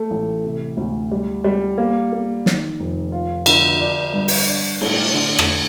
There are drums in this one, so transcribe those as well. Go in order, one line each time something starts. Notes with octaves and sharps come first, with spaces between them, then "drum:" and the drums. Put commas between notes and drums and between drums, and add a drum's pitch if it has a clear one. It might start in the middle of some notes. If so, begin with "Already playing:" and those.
Already playing: A3
A1
C3
D2
G3
G3
A#3
A#3
D#3, drum: snare
F1
F4
D3, drum: cymbal
D4
G2
drum: open hi-hat
D4
A2, drum: cymbal
D3
drum: rim click